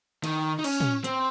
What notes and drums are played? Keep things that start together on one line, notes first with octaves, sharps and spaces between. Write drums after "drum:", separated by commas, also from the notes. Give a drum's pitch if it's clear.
D#3, drum: cymbal
D#4
C#4, drum: cymbal
drum: tom
C4, drum: hi-hat